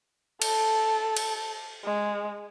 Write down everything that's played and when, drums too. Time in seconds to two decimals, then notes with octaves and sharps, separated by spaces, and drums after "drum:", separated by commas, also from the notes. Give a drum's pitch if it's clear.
0.42 A4, drum: cymbal
1.17 drum: cymbal
1.85 G#3